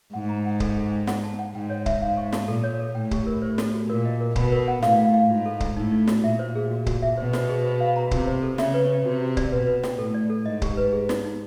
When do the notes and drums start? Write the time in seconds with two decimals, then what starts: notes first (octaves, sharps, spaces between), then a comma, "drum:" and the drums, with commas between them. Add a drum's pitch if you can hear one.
0.14 G#2 F#5
0.29 A#5
0.45 F#5
0.60 A4, drum: kick C#1
0.77 A4
0.92 G5
1.07 F#5, drum: snare
1.24 A5
1.39 F#5
1.54 G#2 G5
1.70 C#5
1.86 E5, drum: kick C#1
2.01 G#2 F5
2.17 C#6
2.32 A5, drum: snare
2.48 A#2 A4
2.64 C#5
2.80 A4
2.95 A2 G5
3.11 G4, drum: kick C#1
3.27 A#4
3.42 C5
3.58 A4, drum: snare
3.74 F#4
3.89 A#2 A#4
4.05 D#5
4.20 A#4
4.36 B2 B5, drum: kick C#1
4.52 A#4
4.68 F#5
4.83 A2 F5, drum: snare
4.98 F5
5.14 F5
5.30 G#2 F4
5.46 A4
5.60 A4, drum: kick C#1
5.76 A2 D#4
5.92 D#4
6.07 F#4, drum: snare
6.24 A#2 E5
6.39 C5
6.55 G#4
6.71 F#4
6.86 F#4, drum: kick C#1
7.02 E5
7.17 B2 C5
7.33 C5, drum: snare
7.49 G#4
7.64 C5
7.80 F5
7.96 A#5
8.11 C3 F4, drum: kick C#1
8.27 C5
8.42 A4
8.58 C#3 E5, drum: snare
8.74 B4
8.90 B4
9.05 C3 F#4
9.21 F#4
9.37 D5, drum: kick C#1
9.52 B2 B4
9.67 B4
9.83 G5, drum: snare
9.99 A2 A4
10.14 D5
10.30 A4
10.46 G#2 D#5
10.62 G4, drum: kick C#1
10.77 B4
10.93 G#4
11.09 D#4, drum: snare
11.25 D#4